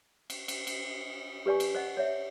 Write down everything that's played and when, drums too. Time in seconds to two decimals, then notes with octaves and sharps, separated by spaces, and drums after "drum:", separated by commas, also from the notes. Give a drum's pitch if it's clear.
0.30 drum: cymbal
0.48 drum: cymbal
0.67 drum: cymbal
1.46 G4 B4 D5 G#5 C#6
1.60 drum: cymbal
1.75 C5 D#5 F#5
1.97 C#5 D5 E5